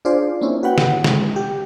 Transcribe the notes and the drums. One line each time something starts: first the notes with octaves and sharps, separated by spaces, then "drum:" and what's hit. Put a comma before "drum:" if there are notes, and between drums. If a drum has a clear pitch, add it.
D4 F4 G#4 C5 D5
A#3 C4 C#4 E4
F#4 B4 F#5 G5
drum: snare
G#3, drum: snare
G4